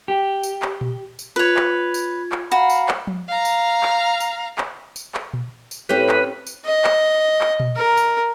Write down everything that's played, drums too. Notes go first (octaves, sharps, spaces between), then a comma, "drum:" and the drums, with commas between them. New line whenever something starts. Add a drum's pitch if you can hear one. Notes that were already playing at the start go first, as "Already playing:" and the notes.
G4
drum: tambourine
drum: clap
drum: tom A#2
drum: tambourine
F4 B4 C#5 G#6
drum: clap
drum: tambourine
drum: clap
F#4 F5 A#5 B5
drum: tambourine
drum: clap
drum: tom F3
F5 A#5
drum: tambourine
drum: clap
drum: tambourine
drum: clap
drum: tambourine
drum: clap
drum: tom A#2
drum: tambourine
A2 C4 C#4 G4 B4
drum: clap
drum: tambourine
D#5
drum: clap
drum: clap
drum: tom A#2
A#4
drum: tambourine